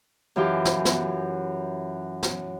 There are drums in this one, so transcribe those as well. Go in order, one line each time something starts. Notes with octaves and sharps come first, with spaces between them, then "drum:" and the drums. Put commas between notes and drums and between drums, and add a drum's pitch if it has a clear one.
F#2 E3 F4 G4
drum: snare
drum: snare
drum: snare